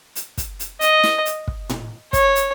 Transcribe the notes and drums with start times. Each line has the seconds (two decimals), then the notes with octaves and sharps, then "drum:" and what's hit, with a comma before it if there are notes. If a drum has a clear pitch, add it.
0.16 drum: hi-hat
0.38 drum: kick, hi-hat
0.60 drum: hi-hat
0.81 D#5, drum: hi-hat
1.04 drum: snare
1.26 drum: hi-hat
1.47 drum: kick
1.69 drum: tom A2
2.13 C#5, drum: kick, hi-hat
2.35 drum: hi-hat